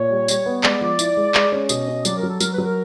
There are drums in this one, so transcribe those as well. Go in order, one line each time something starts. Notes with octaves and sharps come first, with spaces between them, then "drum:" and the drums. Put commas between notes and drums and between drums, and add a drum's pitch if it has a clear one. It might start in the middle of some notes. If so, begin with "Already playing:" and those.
Already playing: A#2 C#5
G3
G3, drum: tambourine
B3
G#3 D5, drum: clap
F3
E4, drum: tambourine
G#3
G#3, drum: clap
C#4
B2 D#5, drum: tambourine
C#4
F#3 D5, drum: tambourine
A#4
F#3
A4
F#3 A#4, drum: tambourine
B4
F#3
A#4